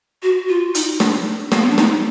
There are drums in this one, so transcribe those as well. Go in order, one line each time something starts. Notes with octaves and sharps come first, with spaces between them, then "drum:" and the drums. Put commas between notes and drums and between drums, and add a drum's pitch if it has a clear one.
F#4
F4
D#4, drum: hi-hat
D4, drum: snare
A#3, drum: snare
B3
D4
D#4, drum: snare